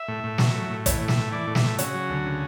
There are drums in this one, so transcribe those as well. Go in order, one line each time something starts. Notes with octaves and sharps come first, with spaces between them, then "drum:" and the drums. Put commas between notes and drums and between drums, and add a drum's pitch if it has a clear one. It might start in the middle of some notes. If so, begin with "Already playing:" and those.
Already playing: E5
A2
A2
F#3, drum: snare
A2
A2
E3, drum: kick, hi-hat
A2
E5, drum: snare
A2
E3 D5
A2
E5, drum: snare
A2
C#3 F#4, drum: hi-hat
F#3
D2
C#3